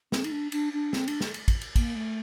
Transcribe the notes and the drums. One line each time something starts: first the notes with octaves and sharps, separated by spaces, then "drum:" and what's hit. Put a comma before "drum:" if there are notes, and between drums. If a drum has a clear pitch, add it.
C4, drum: snare
D#4, drum: cymbal
D4
D4, drum: cymbal
D4
C4, drum: snare
D4, drum: cymbal
drum: snare
drum: cymbal
drum: kick, cymbal
drum: cymbal
A#3, drum: kick, cymbal
A3